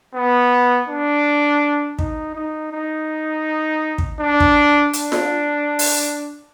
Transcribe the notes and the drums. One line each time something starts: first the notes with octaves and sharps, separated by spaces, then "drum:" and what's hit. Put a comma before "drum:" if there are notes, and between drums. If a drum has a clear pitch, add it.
B3
D4
D#4, drum: kick
D#4
D#4
drum: kick
D4
drum: kick
D4, drum: hi-hat
drum: snare F4
drum: open hi-hat